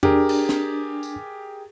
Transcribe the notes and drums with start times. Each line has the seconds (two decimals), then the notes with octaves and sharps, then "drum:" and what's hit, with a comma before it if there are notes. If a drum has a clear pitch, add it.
0.03 D4 G4 G#4 A#4, drum: tom E2
0.29 drum: cymbal
0.49 drum: snare
1.03 drum: tambourine